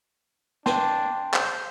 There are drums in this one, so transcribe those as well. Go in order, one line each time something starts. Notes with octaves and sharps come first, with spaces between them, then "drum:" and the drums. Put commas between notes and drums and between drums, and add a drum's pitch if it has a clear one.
D4 G5 A5 C6, drum: snare
C5, drum: clap